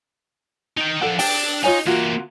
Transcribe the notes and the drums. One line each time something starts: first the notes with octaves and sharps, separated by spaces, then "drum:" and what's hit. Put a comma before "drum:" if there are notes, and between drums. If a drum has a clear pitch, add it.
D#4 G5
F3 D4 A4 F#5
D4 D5 G5, drum: open hi-hat
D#4 F4 C#5 G#5
E3 A#3 F4 F#4